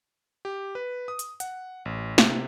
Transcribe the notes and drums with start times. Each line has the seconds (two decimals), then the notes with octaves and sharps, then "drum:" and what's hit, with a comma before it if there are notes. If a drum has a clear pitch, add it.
0.45 G4
0.75 B4
1.08 D#6
1.19 drum: hi-hat
1.40 F#5, drum: hi-hat
1.85 A1
2.18 C3, drum: snare